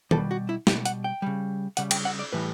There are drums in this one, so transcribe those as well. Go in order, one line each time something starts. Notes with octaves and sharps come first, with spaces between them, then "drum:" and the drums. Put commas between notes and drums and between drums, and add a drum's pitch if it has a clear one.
B2 G3 A4, drum: tom D#3
F#4
E4
B2 G3 G4, drum: snare
F#5, drum: hi-hat
G5
C#3 G3
C#3 G3 F#5, drum: hi-hat
G5, drum: cymbal
F#5
D5
A2 E3 G3 B4